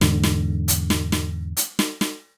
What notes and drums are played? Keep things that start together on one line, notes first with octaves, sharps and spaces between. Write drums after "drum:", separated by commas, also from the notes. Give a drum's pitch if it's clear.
E2 G#2 D3, drum: snare
drum: snare
drum: hi-hat
drum: snare
drum: snare
drum: hi-hat
drum: snare
drum: snare